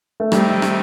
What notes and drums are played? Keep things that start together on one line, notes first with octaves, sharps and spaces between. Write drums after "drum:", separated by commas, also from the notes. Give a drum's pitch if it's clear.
A3
C3 D#3 G3 A3 C4 D#4, drum: rim click
drum: rim click